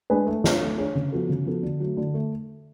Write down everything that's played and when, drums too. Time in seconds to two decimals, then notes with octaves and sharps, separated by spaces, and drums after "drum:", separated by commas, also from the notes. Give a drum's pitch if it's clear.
0.10 G#3 D4 G#4 B4
0.27 A3
0.44 D4 G#4 C#5, drum: snare
0.61 A3
0.78 D4 G#4 C#5
0.95 C#3
1.12 F3 B3 F#4 A4
1.29 C#3
1.46 F3 B3 F#4 A4
1.63 D3
1.80 F#3 A3
1.97 D3
2.14 A3